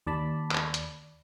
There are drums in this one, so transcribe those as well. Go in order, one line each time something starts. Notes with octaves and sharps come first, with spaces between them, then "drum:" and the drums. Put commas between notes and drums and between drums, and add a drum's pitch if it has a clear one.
D#2 D5 A5 B5
drum: clap
drum: hi-hat